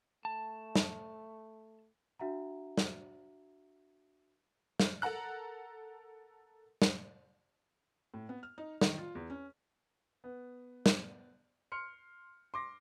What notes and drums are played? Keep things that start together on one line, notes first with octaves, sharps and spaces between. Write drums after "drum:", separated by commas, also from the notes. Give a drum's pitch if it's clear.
A3 A5
drum: snare
D4 F#4 E5 F#5 A#5
drum: snare
drum: snare
A4 A#4 F#5 A#5 F#6
drum: snare
A2
B3
F6
D#4
D#3, drum: snare
F4
E2
C#4
B3
drum: snare
C6 F6 C#7
C6 D6 A#6